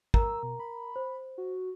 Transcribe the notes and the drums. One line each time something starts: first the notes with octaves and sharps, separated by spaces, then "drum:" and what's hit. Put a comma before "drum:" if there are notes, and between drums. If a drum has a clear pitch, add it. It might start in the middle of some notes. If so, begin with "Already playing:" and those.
A#4 A#5 E6, drum: kick
B2
B5
C5
F#4